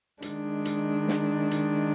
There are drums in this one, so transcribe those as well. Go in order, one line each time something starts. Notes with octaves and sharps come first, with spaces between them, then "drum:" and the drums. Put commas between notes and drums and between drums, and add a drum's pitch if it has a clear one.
D#3 G#3 D4, drum: hi-hat
drum: hi-hat
drum: snare
drum: hi-hat